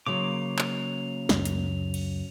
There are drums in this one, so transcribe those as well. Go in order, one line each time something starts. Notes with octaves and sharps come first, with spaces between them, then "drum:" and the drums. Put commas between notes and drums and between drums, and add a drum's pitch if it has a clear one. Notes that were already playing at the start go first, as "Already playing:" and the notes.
C#3 F#3 A#3 C6 D6 F7
drum: clap
C#2 F#2, drum: snare
drum: hi-hat
drum: cymbal